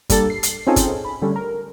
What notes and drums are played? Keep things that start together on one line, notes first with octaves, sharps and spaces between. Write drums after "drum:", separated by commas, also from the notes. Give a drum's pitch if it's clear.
G3 A#3 D4 A4 A6, drum: kick G1, hi-hat
C7
drum: hi-hat
C4 C#4 D#4 F4 G#4 A4
drum: kick G1, hi-hat
B5
D3 G3 A3 C#4
A#4